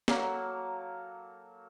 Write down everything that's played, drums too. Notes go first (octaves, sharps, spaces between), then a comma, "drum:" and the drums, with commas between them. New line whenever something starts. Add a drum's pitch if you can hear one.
F#3 A#3 A4, drum: snare